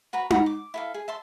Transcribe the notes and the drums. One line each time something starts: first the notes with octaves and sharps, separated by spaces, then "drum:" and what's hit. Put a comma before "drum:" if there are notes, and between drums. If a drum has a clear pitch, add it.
F#4 B4 F#5 A#5
F#5 A#5 B5, drum: tom D#4
D6
E4 A4 F5
G#4
E5 A5 C6